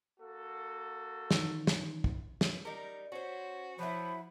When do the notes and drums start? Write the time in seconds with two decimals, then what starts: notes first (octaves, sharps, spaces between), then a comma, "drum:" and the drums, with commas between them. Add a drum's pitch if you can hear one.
0.20 A#3 F#4 A4
1.31 D#3 E3 D#4, drum: snare
1.67 drum: snare
2.04 drum: kick
2.41 drum: snare
2.65 G3 D#4 A#4
3.12 C#4 F#4 C5
3.79 F3 F#3 E4 B5